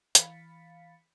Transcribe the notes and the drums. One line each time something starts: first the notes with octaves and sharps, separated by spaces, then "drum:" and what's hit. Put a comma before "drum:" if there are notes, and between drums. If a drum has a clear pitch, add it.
E3 F5 B5 A6 B6 C#7, drum: hi-hat